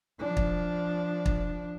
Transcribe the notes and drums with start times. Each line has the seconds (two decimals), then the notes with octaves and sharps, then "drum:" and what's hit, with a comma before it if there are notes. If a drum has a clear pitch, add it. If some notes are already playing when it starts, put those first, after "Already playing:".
0.19 F3 D4
0.37 drum: kick
1.26 drum: kick